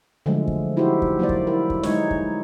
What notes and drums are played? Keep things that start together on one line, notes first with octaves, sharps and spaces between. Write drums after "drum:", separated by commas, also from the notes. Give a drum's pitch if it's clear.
D3 F3 F#3 G#3 A3
drum: kick
D#4 E4 F#4 G4 C5
drum: kick
F#3 A#3 C5 D5
drum: kick
E4 A#4
drum: kick
G#3 D#4 C#5, drum: snare
drum: kick